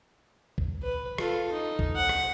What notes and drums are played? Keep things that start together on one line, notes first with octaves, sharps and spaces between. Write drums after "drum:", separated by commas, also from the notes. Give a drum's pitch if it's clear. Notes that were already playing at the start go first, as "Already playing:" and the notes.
drum: kick C2
B4
F4 A4, drum: rim click
D#4
drum: kick C2
F#5
drum: rim click